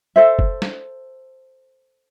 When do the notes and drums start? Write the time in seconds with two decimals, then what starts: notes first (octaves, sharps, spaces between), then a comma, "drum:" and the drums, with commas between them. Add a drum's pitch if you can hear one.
0.16 A4 C5 E5
0.39 drum: kick
0.62 drum: snare